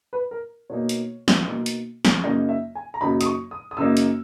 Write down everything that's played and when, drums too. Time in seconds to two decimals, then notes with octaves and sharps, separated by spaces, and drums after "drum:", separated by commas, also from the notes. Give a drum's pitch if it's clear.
0.13 B4
0.31 A#4
0.70 B2 A#3 D#4 C#5
0.89 drum: hi-hat
1.28 drum: snare
1.47 B2 A#3 D#4
1.66 drum: hi-hat
2.05 drum: snare
2.24 F#2 C#3 F#3 A#3 D#4 D#5
2.49 E5
2.75 G#5
2.94 A#5
3.01 F#2 C#3 F#3 A#3 D#4 B5
3.21 D#6, drum: hi-hat
3.26 C#6
3.51 D#6
3.71 D#6
3.77 F#2 C#3 F#3 A#3 D#4 E6
3.97 drum: hi-hat